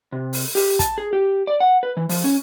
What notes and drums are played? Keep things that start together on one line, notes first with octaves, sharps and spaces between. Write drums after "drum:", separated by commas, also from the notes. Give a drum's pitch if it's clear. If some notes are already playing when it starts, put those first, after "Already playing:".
C3
drum: open hi-hat
G4, drum: open hi-hat
A5, drum: kick, hi-hat
G#4
G4
D5
F#5
B4
E3
F3, drum: open hi-hat
C#4